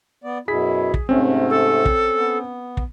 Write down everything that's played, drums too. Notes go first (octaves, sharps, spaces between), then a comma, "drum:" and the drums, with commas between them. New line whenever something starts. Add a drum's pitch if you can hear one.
B3 D5
F#2 B2 E4 G#4 B6
drum: kick
G#2 C3 A3 C4 C#4
A4
drum: kick
B3
drum: kick